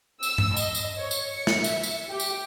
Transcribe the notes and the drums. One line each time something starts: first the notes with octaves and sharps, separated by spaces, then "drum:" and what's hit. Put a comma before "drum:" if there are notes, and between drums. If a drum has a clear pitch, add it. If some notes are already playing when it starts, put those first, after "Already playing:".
E6, drum: tambourine
drum: tom G2
D#5, drum: tambourine
drum: tambourine
C#5
drum: tambourine
C#7
drum: snare
E5, drum: tambourine
drum: tambourine
G4
drum: tambourine